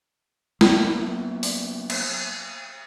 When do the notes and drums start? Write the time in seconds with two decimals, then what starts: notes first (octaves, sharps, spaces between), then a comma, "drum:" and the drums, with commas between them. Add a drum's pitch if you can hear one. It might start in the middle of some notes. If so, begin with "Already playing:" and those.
0.61 F#3 A#3 B3, drum: snare
1.43 drum: open hi-hat
1.90 drum: cymbal